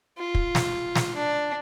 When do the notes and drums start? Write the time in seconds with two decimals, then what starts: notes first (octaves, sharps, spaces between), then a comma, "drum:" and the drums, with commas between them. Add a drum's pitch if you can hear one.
0.18 F4
0.35 drum: kick
0.55 drum: snare
0.96 drum: snare
1.16 D4